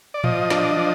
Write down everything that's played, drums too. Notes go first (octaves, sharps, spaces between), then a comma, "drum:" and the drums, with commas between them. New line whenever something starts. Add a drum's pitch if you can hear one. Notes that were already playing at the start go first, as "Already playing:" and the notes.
D5
F3 D#5, drum: tom A2
D4, drum: snare
F3